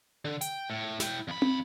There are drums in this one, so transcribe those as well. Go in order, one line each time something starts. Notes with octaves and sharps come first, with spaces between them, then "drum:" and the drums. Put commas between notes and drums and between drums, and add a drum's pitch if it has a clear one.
D3
G5, drum: hi-hat
A2
E4 G5, drum: snare
F2 B5
drum: tom